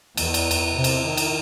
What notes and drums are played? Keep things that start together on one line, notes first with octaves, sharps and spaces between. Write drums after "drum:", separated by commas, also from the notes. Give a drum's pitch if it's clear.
E2, drum: cymbal
drum: cymbal
drum: cymbal
C3
drum: cymbal
D#3
drum: cymbal